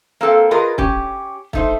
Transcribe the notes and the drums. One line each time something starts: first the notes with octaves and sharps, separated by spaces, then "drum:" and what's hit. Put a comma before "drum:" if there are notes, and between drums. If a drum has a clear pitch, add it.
A#3 C4 A4 F5
F4 G#4 A#4 B4 D#5
C#4 G4, drum: kick
A3 D#4 C5, drum: kick